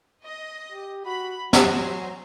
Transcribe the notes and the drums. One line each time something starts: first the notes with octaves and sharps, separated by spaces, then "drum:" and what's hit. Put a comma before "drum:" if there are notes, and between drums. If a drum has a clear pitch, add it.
D#5
G4
F#4 B5
F#3 C5 G#5 A#5, drum: snare